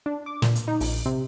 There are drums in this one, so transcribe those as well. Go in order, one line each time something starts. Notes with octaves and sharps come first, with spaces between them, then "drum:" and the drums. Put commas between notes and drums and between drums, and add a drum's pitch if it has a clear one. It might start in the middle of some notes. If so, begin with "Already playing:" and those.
D4
D6
A#2, drum: snare
drum: hi-hat
D#4
A#1, drum: open hi-hat
C3